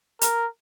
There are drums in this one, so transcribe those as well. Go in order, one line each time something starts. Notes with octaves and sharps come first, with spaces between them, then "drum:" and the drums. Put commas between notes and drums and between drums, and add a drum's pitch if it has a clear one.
A#4, drum: hi-hat